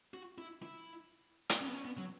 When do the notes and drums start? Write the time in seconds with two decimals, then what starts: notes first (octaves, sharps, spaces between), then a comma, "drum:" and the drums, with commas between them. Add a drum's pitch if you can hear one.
0.14 F#4
0.38 E4
0.62 E4
1.49 drum: hi-hat
1.61 C#4
1.67 B3
1.74 C#4
1.85 B3
1.98 F#3